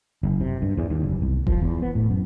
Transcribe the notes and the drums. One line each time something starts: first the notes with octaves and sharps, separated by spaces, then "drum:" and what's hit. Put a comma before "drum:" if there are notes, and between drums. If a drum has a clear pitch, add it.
F#1
C3
G2
E2
D#2
F#1
C2
F3, drum: kick D#1
E2
B3
A2
F#2